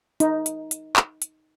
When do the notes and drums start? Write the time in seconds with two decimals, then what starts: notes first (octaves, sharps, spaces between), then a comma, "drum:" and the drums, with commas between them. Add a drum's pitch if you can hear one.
0.20 D#4, drum: hi-hat
0.46 drum: hi-hat
0.71 drum: hi-hat
0.96 drum: clap
1.22 drum: hi-hat